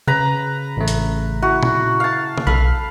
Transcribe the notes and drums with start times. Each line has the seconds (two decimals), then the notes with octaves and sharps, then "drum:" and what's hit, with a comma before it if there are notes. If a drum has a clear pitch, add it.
0.07 C#3 B4 A#5
0.77 A1 A3
0.88 drum: hi-hat
1.43 E4 F#4
1.63 drum: tom A#2
2.00 F5 A5
2.38 drum: tom
2.47 B1 A4 F5 B5